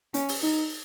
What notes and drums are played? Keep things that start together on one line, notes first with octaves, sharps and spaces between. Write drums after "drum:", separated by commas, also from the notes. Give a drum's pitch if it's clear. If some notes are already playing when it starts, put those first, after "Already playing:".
C#4, drum: hi-hat
drum: open hi-hat
D#4